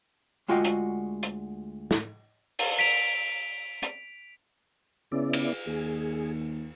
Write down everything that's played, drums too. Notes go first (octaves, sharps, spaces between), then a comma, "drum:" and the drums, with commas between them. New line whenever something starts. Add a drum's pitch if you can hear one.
D2 G#3 F4 F#4 D#5 G5
drum: hi-hat
drum: hi-hat
drum: snare
drum: open hi-hat
B6 D7 F7
drum: hi-hat
C#3 B3 E4 D5
drum: cymbal
D#2 G#4